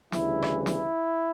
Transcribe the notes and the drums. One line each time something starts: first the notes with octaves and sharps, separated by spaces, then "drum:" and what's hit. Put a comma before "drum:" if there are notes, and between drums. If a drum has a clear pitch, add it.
D2 C#3 E3 G3 E4, drum: snare
drum: rim click
E4, drum: snare